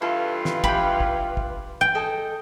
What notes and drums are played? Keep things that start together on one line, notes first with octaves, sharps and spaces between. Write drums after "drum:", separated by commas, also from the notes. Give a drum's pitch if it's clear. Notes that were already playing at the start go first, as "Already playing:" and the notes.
G2 E3 F4 A4
drum: snare
G4 B4 G5 B5, drum: kick
drum: kick
drum: kick
G5
A4 D#5 G#5